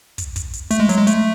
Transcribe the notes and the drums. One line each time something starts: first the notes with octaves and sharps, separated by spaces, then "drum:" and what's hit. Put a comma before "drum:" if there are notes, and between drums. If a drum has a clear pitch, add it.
drum: kick, hi-hat
drum: kick, hi-hat
drum: hi-hat
A3, drum: hi-hat
G#3
F#3, drum: hi-hat
G#3
A3, drum: hi-hat